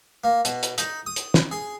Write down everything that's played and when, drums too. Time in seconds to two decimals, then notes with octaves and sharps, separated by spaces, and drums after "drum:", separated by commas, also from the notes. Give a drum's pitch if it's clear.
0.24 A#3
0.45 B2, drum: hi-hat
0.63 drum: hi-hat
0.78 D#4, drum: hi-hat
1.06 D#6
1.16 drum: hi-hat
1.34 drum: snare
1.51 G#4